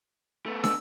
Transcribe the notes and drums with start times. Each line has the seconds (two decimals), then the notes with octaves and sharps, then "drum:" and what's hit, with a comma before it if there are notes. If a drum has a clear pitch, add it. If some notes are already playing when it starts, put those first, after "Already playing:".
0.46 A3 B3
0.64 E6, drum: snare